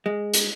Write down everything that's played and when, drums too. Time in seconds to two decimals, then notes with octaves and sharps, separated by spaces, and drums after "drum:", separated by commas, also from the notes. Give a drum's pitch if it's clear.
0.06 G#3
0.34 drum: hi-hat